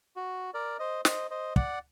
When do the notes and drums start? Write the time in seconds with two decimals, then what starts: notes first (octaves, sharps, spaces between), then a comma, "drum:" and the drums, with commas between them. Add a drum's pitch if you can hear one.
0.16 F#4
0.54 A#4 D5
0.79 C5 D#5
1.05 C5 D#5, drum: snare
1.31 C5 D#5
1.56 D5 F#5, drum: kick